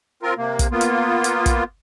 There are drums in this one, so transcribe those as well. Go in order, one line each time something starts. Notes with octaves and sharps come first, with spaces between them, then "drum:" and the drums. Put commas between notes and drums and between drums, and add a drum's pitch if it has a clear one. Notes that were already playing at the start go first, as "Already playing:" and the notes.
C4 F4 A#4
C3 A#3
drum: kick, hi-hat
A#3 B3 F4
drum: hi-hat
drum: hi-hat
drum: kick, hi-hat